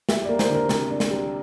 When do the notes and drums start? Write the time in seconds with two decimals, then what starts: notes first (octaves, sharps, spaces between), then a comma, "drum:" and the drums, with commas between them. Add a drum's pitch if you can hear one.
0.09 G3 E5, drum: snare
0.25 D5
0.29 A#3
0.39 C5, drum: snare
0.49 D3
0.55 A#4
0.69 C3, drum: snare
0.90 D4
1.00 drum: snare
1.11 G3